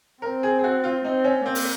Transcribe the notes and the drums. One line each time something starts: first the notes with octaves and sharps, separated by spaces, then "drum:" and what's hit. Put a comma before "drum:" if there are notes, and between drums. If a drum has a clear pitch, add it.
C4 A#4
G#4
G#4
F#4
F4
C4 D#4
C#4
A#3 C4
drum: open hi-hat